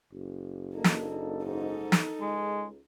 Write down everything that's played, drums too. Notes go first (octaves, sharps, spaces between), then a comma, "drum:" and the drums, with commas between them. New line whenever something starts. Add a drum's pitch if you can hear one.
F#1
A#3 D4 D#4 A4
drum: snare
G#2 D#4 A4
drum: snare
C#2 G#3